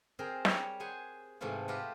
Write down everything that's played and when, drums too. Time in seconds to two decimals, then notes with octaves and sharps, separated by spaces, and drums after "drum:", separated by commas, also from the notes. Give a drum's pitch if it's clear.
0.19 C4 G#4 A#4 C5
0.45 G3 C#5, drum: snare
0.80 G#4 C5 F#5 G#5
1.41 G#2 C3 E3 A3 F4
1.68 F4 G4 B4 C5 D#5 F#5